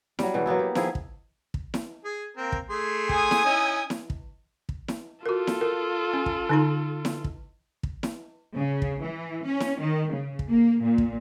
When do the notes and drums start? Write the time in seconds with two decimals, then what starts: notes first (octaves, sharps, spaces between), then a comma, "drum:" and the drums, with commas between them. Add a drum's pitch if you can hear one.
0.19 F#3 G3, drum: snare E4
0.34 B2 E3 G#3
0.46 F#3 A#3 B3 E4
0.59 G4
0.75 D#3 F3 E4 G#4, drum: snare E4
0.95 drum: kick
1.54 drum: kick
1.74 drum: snare E4
2.05 G#4
2.37 A#3 C4 A#4
2.52 drum: kick
2.70 A3 G#4 C6
3.09 G#5 D#6, drum: kick
3.31 drum: snare E4
3.45 C#4 D#4 E4
3.90 drum: snare E4
4.10 drum: kick
4.69 drum: kick
4.88 drum: snare E4
5.26 F4 F#4 A4 A#4
5.47 drum: snare E4
5.61 A#4
6.14 C#4
6.26 drum: kick
6.49 D3 D#4 C6
7.05 drum: snare E4
7.24 drum: kick
7.83 drum: kick
8.03 drum: snare E4
8.56 C#3
8.82 drum: kick
9.01 E3
9.44 C#4
9.60 drum: snare E4
9.81 D#3
10.12 C#3
10.39 drum: kick
10.49 A#3
10.82 A#2
10.98 drum: kick